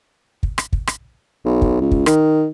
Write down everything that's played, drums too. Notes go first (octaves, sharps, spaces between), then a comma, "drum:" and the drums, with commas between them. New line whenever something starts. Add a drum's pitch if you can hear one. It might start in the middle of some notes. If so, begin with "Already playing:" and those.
drum: kick
drum: rim click
drum: kick
drum: rim click
B1
drum: kick
C#2
drum: kick
D#3, drum: rim click